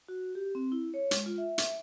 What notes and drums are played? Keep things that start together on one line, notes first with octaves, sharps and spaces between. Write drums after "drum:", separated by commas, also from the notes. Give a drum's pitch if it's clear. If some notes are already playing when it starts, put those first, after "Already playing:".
F#4
G4
C4
E4
C#5
G#3, drum: hi-hat
F4
E5
drum: hi-hat